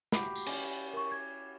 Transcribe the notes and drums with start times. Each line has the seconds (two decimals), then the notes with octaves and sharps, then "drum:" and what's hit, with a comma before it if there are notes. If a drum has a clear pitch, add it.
0.12 F#4 G4 F5 B5, drum: snare
0.35 drum: tambourine
0.46 C#4 E4, drum: cymbal
0.93 A#4 C#6
1.12 G#6